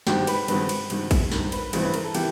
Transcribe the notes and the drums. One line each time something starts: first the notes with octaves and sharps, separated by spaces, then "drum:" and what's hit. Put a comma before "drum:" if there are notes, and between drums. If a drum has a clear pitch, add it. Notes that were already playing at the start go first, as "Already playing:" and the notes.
G#1 G2 D#3 G4, drum: snare
B4, drum: cymbal
G#1 G2 D#3 B4, drum: cymbal
drum: cymbal
G#1 G2 D#3, drum: cymbal
drum: kick, cymbal
G#1 G2 D#3 A#4, drum: snare
B4, drum: cymbal
A1 G2 E3 C5, drum: cymbal
B4
A#4, drum: cymbal
A4
E3 G4, drum: cymbal